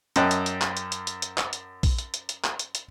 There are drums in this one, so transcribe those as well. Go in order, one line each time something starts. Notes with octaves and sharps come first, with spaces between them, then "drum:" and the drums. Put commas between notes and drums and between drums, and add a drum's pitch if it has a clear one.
F#2 C#4 D#5 G5 A5 F#6, drum: hi-hat
drum: hi-hat
drum: hi-hat
drum: clap
drum: hi-hat
drum: hi-hat
drum: hi-hat
drum: hi-hat
drum: clap
drum: hi-hat
drum: kick A#1, open hi-hat
drum: hi-hat
drum: hi-hat
drum: hi-hat
drum: clap
drum: hi-hat
drum: hi-hat